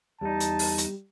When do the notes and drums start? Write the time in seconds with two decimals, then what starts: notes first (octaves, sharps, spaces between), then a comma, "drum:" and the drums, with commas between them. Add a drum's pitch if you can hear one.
0.21 E2 G3 D#4 A5
0.40 drum: hi-hat
0.59 drum: open hi-hat
0.78 drum: hi-hat